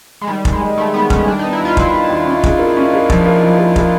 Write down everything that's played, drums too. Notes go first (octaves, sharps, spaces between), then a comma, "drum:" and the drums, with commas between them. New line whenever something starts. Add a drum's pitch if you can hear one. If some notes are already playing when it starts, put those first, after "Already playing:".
G#3
D#3 G3
D#3, drum: kick
G#3
G3
D#3 A3
D#3 B3
D#3 C#4, drum: kick
G3 D4
B3 D#4
E4
D#2 F4
D#2 E4, drum: kick
D#3
D#2
C#4
C#3, drum: kick
A#3
C#4
A#3
F3, drum: kick
A#3
F3
A#3
A#3, drum: kick